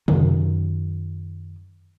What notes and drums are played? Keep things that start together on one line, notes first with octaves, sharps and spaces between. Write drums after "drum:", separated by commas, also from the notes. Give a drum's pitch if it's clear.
F#2 D#3, drum: tom C3